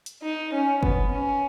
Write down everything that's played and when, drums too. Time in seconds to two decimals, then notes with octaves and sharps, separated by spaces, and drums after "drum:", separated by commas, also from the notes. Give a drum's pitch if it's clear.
0.06 drum: hi-hat
0.22 D#4
0.53 C#4
0.83 B3, drum: kick F#1
1.11 C#4